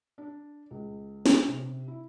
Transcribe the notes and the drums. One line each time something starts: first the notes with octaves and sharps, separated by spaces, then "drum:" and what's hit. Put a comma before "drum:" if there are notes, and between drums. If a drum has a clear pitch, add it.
D4
C#2
drum: snare
C3
E4